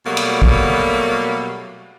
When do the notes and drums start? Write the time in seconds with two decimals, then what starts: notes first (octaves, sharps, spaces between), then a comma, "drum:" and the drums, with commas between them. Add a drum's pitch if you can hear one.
0.06 B2 F#3 G3 A3 A#3
0.17 drum: cymbal
0.42 drum: kick